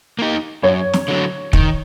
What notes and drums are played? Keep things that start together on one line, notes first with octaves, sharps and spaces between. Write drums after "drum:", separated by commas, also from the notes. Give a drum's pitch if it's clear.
A#3 D#4 G4
F#2 C#5
drum: snare
D3 F#3
D#3, drum: kick